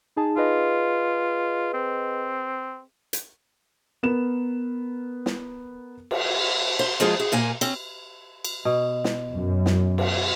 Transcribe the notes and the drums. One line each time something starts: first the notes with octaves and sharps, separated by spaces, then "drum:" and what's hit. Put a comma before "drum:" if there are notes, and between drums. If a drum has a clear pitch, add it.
D#4 G#4 A5
F4 G#4 B4 D#5
C4
drum: hi-hat
B3 A#4 E7
drum: snare
drum: cymbal
C5
F3 G#3 A#3 F4 G#4
G#4
A#2 A#3 G#5
C4 C#4, drum: cymbal
drum: cymbal
B2
drum: snare
F#2
drum: snare
drum: cymbal